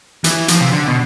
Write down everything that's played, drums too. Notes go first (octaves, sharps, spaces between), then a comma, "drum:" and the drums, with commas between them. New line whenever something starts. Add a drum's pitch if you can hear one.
E3, drum: hi-hat
F3, drum: hi-hat
C3
D3
B2